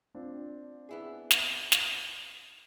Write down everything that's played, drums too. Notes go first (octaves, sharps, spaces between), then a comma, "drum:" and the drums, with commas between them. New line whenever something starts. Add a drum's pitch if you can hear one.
C4 D4 F4
B3 E4 G#4
drum: snare
drum: snare